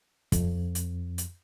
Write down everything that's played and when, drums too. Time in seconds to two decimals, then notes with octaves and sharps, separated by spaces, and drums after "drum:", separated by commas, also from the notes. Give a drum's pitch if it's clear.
0.32 F2, drum: kick, hi-hat
0.75 drum: hi-hat
1.18 drum: hi-hat